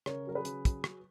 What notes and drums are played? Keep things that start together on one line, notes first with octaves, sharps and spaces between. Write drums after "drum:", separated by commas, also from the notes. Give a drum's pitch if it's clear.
C#3 A#4 C#5, drum: rim click
F#3 A#4
G#4 B4
C#3, drum: hi-hat
F#3, drum: kick, hi-hat
F#3, drum: rim click